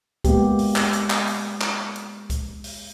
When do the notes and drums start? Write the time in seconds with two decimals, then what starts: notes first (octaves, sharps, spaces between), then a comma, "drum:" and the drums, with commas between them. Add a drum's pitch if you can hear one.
0.24 G#3 A#3 B3 G4, drum: kick C#2, hi-hat
0.59 drum: open hi-hat
0.76 drum: clap
0.93 drum: hi-hat
1.10 drum: clap
1.27 drum: open hi-hat
1.61 drum: clap
1.96 drum: hi-hat
2.30 drum: kick C#2, hi-hat
2.64 drum: open hi-hat